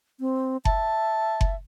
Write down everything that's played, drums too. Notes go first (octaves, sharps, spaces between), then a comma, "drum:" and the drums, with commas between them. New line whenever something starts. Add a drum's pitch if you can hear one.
C4
E5 A5, drum: kick F#1
drum: kick F#1